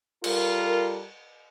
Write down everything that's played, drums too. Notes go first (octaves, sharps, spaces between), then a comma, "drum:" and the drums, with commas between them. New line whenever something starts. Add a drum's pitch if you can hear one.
G3 F4 A4 A#4, drum: cymbal